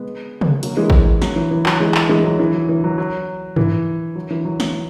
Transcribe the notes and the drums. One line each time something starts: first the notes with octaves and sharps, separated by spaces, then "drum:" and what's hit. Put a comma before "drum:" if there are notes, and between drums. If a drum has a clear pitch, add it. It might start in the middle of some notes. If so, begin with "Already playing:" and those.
Already playing: G#3 B3
drum: tom
F#3 A#3, drum: hi-hat
E3 G#3
drum: kick A1
F#3, drum: snare
E3
E3
F#3, drum: clap
E3 G#3
drum: clap
E3 G#3
F#3
E3
F#3
E3
F#3
F#3
E3, drum: tom G2
F#3
E3
F#3
E3, drum: snare